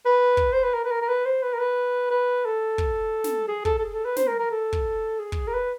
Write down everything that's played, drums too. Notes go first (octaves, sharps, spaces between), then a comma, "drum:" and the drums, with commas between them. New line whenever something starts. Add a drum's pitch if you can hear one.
B4
drum: kick
C5
B4
A#4
B4
A#4
A#4
B4
C5
B4
A#4
B4
B4
A4
drum: kick
drum: snare
G#4
A4, drum: kick
A4
G#4
A4
B4
C5, drum: snare
A#4
A#4
A4
drum: kick
G#4
drum: kick
A#4
B4